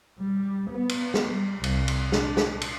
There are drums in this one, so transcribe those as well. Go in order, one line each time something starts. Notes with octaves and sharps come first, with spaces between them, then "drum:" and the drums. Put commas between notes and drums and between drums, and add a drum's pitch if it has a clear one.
G3
B3
drum: cymbal
drum: snare
G3
C2, drum: cymbal
drum: cymbal
D4, drum: snare
drum: snare
drum: cymbal